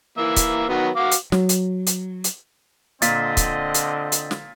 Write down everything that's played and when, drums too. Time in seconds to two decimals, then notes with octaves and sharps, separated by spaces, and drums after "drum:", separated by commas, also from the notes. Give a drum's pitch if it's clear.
0.18 E3 A#3 E5
0.36 drum: kick, hi-hat
0.68 D#3 F#3 B3
0.96 F#4 F5 D6
1.12 drum: hi-hat
1.32 F#3, drum: snare
1.49 drum: hi-hat
1.87 drum: hi-hat
2.24 drum: hi-hat
3.02 A#2 D3 C4 F4 D#5 A6 B6, drum: hi-hat
3.37 drum: kick, hi-hat
3.74 drum: hi-hat
4.12 drum: hi-hat
4.31 drum: snare